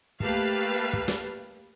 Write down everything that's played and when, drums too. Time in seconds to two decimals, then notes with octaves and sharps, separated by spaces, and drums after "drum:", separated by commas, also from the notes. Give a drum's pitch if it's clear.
0.20 A3 A#3 G4 B4 F5 A5, drum: kick
0.93 drum: kick
1.08 drum: snare